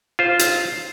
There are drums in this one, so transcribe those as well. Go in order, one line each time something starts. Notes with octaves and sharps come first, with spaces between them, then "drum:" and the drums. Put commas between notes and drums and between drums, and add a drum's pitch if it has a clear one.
F4 C5
drum: hi-hat